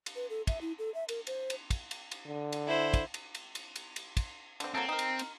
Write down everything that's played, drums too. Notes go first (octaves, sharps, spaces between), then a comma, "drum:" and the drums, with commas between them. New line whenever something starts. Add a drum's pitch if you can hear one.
drum: cymbal
B4
A4
E5, drum: kick, cymbal
E4
A4
E5
A#4, drum: cymbal
C5, drum: cymbal
drum: cymbal
drum: kick, cymbal
drum: cymbal
drum: cymbal
D3
drum: cymbal
E4 C5
drum: kick, cymbal
drum: cymbal
drum: cymbal
drum: cymbal
drum: cymbal
drum: cymbal
drum: kick, cymbal
D3 C4, drum: cymbal
F#3 A#3 C4 A4
D#4 A#4
drum: cymbal
drum: cymbal